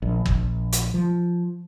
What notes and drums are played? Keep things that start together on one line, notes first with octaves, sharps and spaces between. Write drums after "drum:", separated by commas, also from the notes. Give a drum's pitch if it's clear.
A#1
A#1, drum: kick
drum: hi-hat
F3